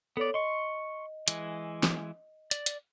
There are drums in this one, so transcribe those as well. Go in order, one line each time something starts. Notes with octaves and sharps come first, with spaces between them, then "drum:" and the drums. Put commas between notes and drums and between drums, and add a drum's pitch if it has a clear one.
B3 A4 C#5 D5
D#5 C6 C#6
E3 G#3, drum: hi-hat
drum: snare
D5, drum: hi-hat
drum: hi-hat